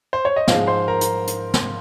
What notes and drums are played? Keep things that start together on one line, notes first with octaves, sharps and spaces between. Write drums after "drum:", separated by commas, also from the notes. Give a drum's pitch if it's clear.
C5
C#5
D#5
G#2 F3 G#3 F4 F5, drum: snare
C5 C6
A#4 A#5
drum: hi-hat
drum: hi-hat
drum: snare